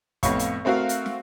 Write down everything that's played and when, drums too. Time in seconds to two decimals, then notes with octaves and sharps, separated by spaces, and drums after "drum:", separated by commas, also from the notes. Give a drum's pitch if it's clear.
0.23 F2 A2 B3 F5 C#6, drum: kick, hi-hat
0.39 drum: hi-hat
0.65 A3 C4 F#4 A#4 F5
0.89 drum: hi-hat
1.06 drum: snare